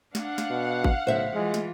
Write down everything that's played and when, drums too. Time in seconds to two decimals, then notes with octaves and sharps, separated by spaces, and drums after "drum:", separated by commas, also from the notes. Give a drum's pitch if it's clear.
0.15 D4 F5 F#5, drum: snare
0.38 drum: snare
0.50 B2
0.84 drum: kick G#1
1.07 B1 A2 C#3 C5 E5
1.35 E3 G#3 F4
1.54 drum: snare